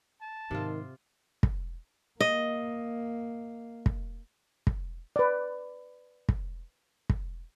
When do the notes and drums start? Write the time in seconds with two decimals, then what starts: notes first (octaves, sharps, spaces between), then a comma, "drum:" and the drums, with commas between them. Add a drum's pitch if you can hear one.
0.22 A5
0.51 G#2 C3 D#3 C4 F4
1.43 drum: kick
2.21 A#3 D#5
3.86 drum: kick
4.67 drum: kick
5.16 B4 D5
6.29 drum: kick
7.09 drum: kick